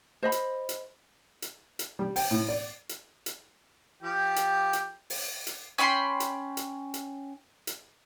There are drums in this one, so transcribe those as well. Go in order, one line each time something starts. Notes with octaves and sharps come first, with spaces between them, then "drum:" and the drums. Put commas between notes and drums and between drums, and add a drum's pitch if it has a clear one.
C5 D#5 B5
drum: hi-hat
drum: hi-hat
drum: hi-hat
drum: hi-hat
G3
G5, drum: open hi-hat
A2
D5
drum: hi-hat
drum: hi-hat
F3 G4 G5
drum: hi-hat
drum: hi-hat
drum: open hi-hat
drum: hi-hat
C#4 G5 B5 C6
drum: hi-hat
drum: hi-hat
drum: hi-hat
drum: hi-hat